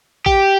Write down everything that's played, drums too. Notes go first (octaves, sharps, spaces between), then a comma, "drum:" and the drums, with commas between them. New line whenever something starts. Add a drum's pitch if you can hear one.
G4, drum: kick A1